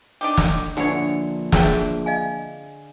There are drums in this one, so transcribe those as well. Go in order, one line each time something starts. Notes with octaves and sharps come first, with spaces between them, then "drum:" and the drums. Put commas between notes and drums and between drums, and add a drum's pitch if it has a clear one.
D4 D#4 G4
drum: snare
A#1 D3 E3 B3 C#5
B3 C4 D4 G#4 E5 G5, drum: snare
D#5 F5 G#5